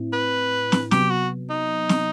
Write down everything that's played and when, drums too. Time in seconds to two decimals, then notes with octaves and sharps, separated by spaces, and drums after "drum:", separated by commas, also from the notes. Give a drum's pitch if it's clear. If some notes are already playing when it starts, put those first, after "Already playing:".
Already playing: A2 C4 E4
0.13 B4
0.72 drum: snare
0.91 C3 F#3 B3 G4, drum: snare
1.11 F#4
1.50 D#4
1.89 drum: snare